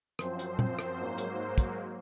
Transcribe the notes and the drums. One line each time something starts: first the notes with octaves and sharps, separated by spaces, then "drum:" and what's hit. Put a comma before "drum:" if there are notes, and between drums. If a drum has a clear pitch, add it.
F#2 F3 C4 C5, drum: rim click
drum: hi-hat
drum: tom A#2
drum: rim click
G#2 F#3 A#3
drum: hi-hat
drum: kick, hi-hat